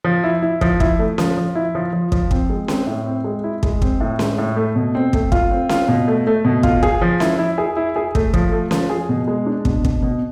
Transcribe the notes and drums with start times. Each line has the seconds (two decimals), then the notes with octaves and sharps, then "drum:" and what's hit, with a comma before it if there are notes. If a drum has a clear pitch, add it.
0.04 F3
0.24 E4
0.42 E4
0.61 F3, drum: kick
0.80 E4, drum: kick
0.99 A3
1.18 F3, drum: snare C#4
1.37 F3
1.55 E4
1.75 F3
1.93 F3
2.12 F3, drum: kick
2.31 C4, drum: kick
2.50 G#3
2.68 C4, drum: snare C#4
2.87 A2
3.06 C4
3.24 G#3
3.44 E4
3.63 G#3, drum: kick
3.82 C4, drum: kick
4.01 A2
4.19 G#3, drum: snare C#4
4.38 A2
4.56 A3
4.76 B2
4.95 C4
5.13 A3, drum: kick
5.32 F4, drum: kick
5.51 C4
5.69 F4, drum: snare C#4
5.88 B2
6.08 A3
6.27 A3
6.45 B2
6.63 F4, drum: kick
6.83 G#4, drum: kick
7.02 F3
7.20 E4, drum: snare C#4
7.39 E4
7.58 G#4
7.77 E4
7.96 G#4
8.15 A3, drum: kick
8.34 F3, drum: kick
8.52 A3
8.71 F3, drum: snare C#4
8.90 G#4
9.09 B2
9.28 G#3
9.46 D4
9.65 B2, drum: kick
9.85 B2, drum: kick
10.03 B2